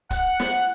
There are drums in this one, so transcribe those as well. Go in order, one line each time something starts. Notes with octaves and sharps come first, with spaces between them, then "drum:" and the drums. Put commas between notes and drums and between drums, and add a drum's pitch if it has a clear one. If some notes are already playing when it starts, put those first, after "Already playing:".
F#5, drum: kick, hi-hat
drum: snare